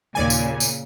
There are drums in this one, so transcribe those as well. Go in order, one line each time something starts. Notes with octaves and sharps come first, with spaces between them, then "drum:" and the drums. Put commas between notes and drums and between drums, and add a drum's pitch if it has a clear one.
D#2 A#2 C#3 D5 G#5
drum: tambourine
drum: tambourine